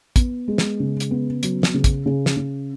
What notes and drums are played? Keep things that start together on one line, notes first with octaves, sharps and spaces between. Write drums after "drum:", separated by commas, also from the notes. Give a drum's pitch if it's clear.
B3, drum: kick, hi-hat
G#3
drum: snare
C#3
drum: hi-hat
B3
F#3, drum: hi-hat
drum: snare
C#3
drum: kick, hi-hat
C#3
drum: snare
C#3